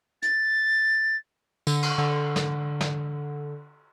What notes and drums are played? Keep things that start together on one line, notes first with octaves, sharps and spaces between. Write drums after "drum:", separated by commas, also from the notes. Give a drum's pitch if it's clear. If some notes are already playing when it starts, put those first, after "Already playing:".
A6, drum: hi-hat
D3, drum: tambourine
drum: cymbal
D3
drum: snare
drum: snare